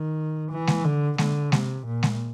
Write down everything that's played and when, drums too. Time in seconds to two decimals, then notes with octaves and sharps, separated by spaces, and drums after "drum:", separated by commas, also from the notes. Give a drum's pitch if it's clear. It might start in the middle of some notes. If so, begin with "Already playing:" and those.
Already playing: D#3
0.51 E3
0.67 drum: snare G#3
0.84 D3
1.18 D3, drum: snare G#3
1.52 C3, drum: snare G#3
1.86 A#2
2.03 drum: snare G#3